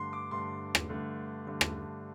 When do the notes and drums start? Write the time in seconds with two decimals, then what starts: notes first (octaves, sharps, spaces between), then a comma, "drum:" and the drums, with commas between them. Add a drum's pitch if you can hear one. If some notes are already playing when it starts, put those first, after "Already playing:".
Already playing: G2 D3 A3 C6
0.13 D6
0.31 G2 D3 A3 C6
0.75 drum: rim click
0.89 G2 D3 A3
1.47 G2 D3 A3
1.61 drum: rim click